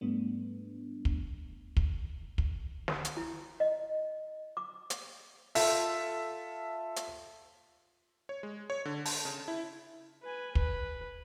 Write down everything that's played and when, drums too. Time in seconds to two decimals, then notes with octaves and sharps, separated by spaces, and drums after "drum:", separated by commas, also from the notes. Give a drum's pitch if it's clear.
0.01 G#2 G3 A3 B3 D4
1.05 drum: kick
1.77 drum: kick
2.38 drum: kick
2.88 drum: snare
3.05 drum: hi-hat
3.17 E4
3.60 D#5
4.57 D6
4.90 drum: hi-hat
5.55 F4 A4 E5, drum: open hi-hat
6.96 drum: hi-hat
8.29 C#5
8.43 G#3
8.70 C#5
8.85 D3
9.05 A5, drum: open hi-hat
9.25 C#3
9.48 E4
10.23 B4 G#5
10.55 B4, drum: kick